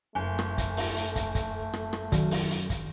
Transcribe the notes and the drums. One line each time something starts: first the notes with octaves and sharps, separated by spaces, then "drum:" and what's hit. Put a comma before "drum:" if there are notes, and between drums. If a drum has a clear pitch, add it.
F#1 A3 G#5
drum: rim click
drum: kick, hi-hat
drum: open hi-hat
drum: hi-hat
drum: kick, hi-hat
drum: kick, hi-hat
drum: rim click
drum: rim click
D#3 F#3, drum: kick, hi-hat
drum: open hi-hat
drum: hi-hat
drum: kick, hi-hat